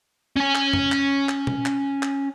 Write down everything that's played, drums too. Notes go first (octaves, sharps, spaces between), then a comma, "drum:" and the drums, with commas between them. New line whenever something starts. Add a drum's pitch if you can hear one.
C#4 G#5
drum: clap
drum: tom
drum: clap
drum: clap
drum: tom B2
drum: clap
drum: clap